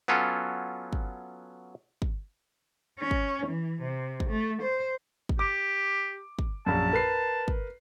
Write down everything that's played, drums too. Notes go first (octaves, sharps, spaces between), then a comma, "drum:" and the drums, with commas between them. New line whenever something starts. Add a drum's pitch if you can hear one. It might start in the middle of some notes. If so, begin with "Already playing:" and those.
F#3 B3 C#4 F4 A4
drum: kick
drum: kick
C#4
drum: kick
E3
C3
drum: kick
A3
C5
drum: kick
G4 D6
drum: kick
A#1 F#2 A5
A#4 B4 C7
drum: kick